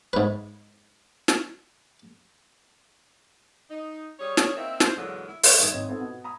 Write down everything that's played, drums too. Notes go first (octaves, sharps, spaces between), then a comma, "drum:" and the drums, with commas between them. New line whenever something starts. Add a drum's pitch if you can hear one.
G#2 B4
drum: snare
D#4
G3 G#4 C#5
drum: snare
A#3 C4 D#4 E5
C5, drum: snare
E2 A#2 D3 F#3 G#3
E4
drum: open hi-hat
A#1 G2 D#3 E5 D#6 G#6
G#1 D#3 C4 C#5 D#5
B3 C4 D#4 F4 A4 C5
B2
A#5 B5 D#6